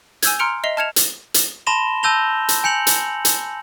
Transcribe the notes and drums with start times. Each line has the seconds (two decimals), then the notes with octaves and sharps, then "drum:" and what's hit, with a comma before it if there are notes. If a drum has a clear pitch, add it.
0.22 G#5 E6 G6 G#6, drum: hi-hat
0.39 A#5 C6 F6 C#7 D7 F7
0.64 D#5 E5 C7 F7 G7
0.77 A5 F6 G#6 C#7 E7 F7
0.96 drum: hi-hat
1.34 drum: hi-hat
1.67 A5 B5 C6 A#6 E7 G7
2.03 A5 E6 G6 A#6 F7 G7
2.49 drum: hi-hat
2.64 G#5 G6 C#7 F7 F#7
2.87 drum: hi-hat
3.25 drum: hi-hat